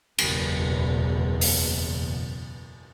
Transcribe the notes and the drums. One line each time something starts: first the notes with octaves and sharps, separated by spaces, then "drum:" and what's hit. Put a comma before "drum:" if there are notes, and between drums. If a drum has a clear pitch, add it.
F#1 E2 B2, drum: cymbal
drum: open hi-hat